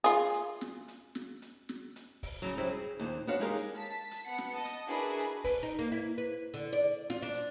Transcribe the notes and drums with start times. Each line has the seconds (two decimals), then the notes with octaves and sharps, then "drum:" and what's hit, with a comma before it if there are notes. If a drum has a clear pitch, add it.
0.04 F4 G#4
0.34 drum: hi-hat
0.61 drum: snare
0.88 drum: hi-hat
1.15 drum: snare
1.42 drum: hi-hat
1.69 drum: snare
1.96 drum: hi-hat
2.23 drum: kick, open hi-hat
2.42 C#3 F#3
2.57 F#3 G3 C4 C#4 E4 G#4
2.71 G#4
3.00 D#2 A#2 D4 C5
3.27 B3 D4 F#4 C#5 F5
3.40 G#3 D#4 G4 G#4 A#4 F5
3.57 drum: hi-hat
3.76 A5 B6
4.11 drum: hi-hat
4.26 B3 F#5 C#7
4.38 drum: snare
4.55 D#5 A5
4.65 drum: hi-hat
4.87 D4 E4 F#4 G#4 A#4 B4
5.19 drum: hi-hat
5.44 B4, drum: kick, open hi-hat
5.63 D#4
5.79 A#3
5.92 E4
6.18 B4
6.54 D3, drum: hi-hat
6.73 D5
7.10 F4, drum: snare
7.23 D4
7.34 drum: hi-hat